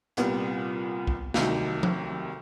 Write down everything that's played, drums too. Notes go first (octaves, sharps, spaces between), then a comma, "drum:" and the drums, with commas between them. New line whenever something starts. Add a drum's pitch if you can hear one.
C2 A#2 G3 B3, drum: hi-hat
drum: kick B1
C2 C3 D#3 F#3 A3, drum: snare
drum: tom F3